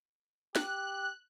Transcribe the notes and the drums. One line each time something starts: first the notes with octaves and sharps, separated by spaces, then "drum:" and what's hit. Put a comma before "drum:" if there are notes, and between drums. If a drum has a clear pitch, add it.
G4 F#6, drum: snare